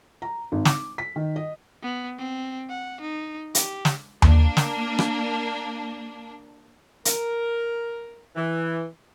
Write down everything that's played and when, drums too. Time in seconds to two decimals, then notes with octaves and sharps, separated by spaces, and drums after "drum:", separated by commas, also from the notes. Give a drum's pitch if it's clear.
0.22 A#5
0.52 G#1
0.65 D6, drum: snare
0.98 B6
1.16 D#3
1.36 D#5
1.82 B3
2.19 C4
2.70 F#5
3.01 D#4
3.55 G4, drum: hi-hat
3.85 drum: snare
4.22 A#3 D4, drum: tom D#2
4.57 drum: snare
4.99 drum: rim click
7.05 A#4, drum: hi-hat
8.36 E3